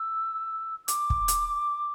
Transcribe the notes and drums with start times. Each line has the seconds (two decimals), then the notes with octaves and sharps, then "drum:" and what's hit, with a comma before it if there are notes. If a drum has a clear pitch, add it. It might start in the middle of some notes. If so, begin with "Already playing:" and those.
Already playing: E6
0.88 D6, drum: hi-hat
1.10 drum: kick
1.28 drum: hi-hat